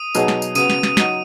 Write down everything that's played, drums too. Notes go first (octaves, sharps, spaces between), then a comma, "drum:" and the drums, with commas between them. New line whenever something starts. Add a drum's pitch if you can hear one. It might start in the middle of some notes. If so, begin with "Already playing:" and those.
Already playing: D#6 D#7
B2 F#3 D#4 G#4, drum: tambourine
drum: snare
drum: tambourine
C#3 B3 F#4 D#6 D#7, drum: tambourine
drum: snare
drum: snare
F#3 D#4 F#4, drum: snare